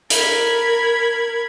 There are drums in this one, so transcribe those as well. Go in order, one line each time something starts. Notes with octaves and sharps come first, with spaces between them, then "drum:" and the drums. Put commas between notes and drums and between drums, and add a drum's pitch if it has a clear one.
A#4 B5 G#6, drum: hi-hat